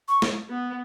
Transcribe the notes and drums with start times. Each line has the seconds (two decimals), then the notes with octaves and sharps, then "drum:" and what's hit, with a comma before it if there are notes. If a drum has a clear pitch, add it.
0.08 C#6
0.22 drum: snare
0.49 B3